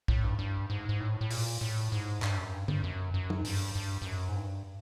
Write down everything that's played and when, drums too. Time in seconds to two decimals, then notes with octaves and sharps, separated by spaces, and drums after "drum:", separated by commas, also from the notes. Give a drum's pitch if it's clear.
0.08 A2, drum: kick
0.23 G2
0.39 G2
0.70 G#2
0.89 G#2
1.00 A2
1.21 A2
1.31 A#2, drum: open hi-hat
1.61 A2
1.92 G#2
2.22 G2, drum: clap
2.38 F#2
2.53 G2
2.68 G2, drum: tom
2.84 F#2
3.14 F#2
3.30 drum: tom
3.45 G2, drum: open hi-hat
3.75 G2
4.02 G2
4.06 F#2
4.29 G#2
4.36 G2